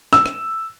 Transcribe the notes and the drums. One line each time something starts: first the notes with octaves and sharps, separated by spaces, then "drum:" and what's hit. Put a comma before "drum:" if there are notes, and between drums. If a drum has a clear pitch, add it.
E6, drum: snare
drum: rim click